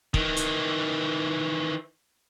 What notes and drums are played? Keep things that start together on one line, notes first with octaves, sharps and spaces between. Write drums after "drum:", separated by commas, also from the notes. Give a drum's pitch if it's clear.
D#3 E3, drum: kick
drum: hi-hat